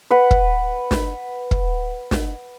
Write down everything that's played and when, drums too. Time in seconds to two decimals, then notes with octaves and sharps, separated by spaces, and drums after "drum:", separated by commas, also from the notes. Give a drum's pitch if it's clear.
0.11 B4 F#5
0.31 drum: kick
0.91 drum: snare
1.51 drum: kick
2.11 drum: snare